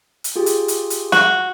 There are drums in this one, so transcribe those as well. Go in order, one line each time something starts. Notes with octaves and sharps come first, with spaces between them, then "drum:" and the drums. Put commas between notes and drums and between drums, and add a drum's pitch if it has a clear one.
drum: hi-hat
F4 G4 G#4
drum: hi-hat
drum: hi-hat
drum: hi-hat
F#4, drum: snare